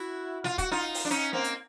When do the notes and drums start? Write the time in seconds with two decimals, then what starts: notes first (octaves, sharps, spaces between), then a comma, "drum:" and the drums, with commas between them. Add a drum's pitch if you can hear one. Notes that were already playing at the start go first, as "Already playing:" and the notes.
Already playing: E4 F#4
0.44 F4, drum: snare
0.58 F#4, drum: kick, hi-hat
0.71 D#4 F4
0.94 drum: open hi-hat
1.05 D4
1.10 C#4 D#4, drum: hi-hat
1.33 A#3 C4
1.44 drum: hi-hat